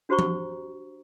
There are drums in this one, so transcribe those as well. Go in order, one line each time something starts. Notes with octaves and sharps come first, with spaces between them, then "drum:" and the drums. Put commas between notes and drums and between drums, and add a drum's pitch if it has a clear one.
D4 F#4 G4 C5 A#5 C#6
drum: tom F3